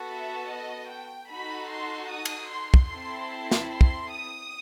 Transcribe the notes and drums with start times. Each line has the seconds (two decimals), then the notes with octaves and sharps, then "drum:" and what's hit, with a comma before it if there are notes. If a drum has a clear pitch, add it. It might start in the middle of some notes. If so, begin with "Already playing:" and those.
Already playing: B3 F#4 A4
0.09 E5
0.48 D#5
0.89 G5
1.29 D#4 F#4 A4 B5
1.70 C6
2.10 D#6
2.25 drum: cymbal
2.51 C6
2.74 drum: kick
2.90 C4 E4 A4
3.51 drum: snare
3.71 C6
3.81 drum: kick
4.11 D#6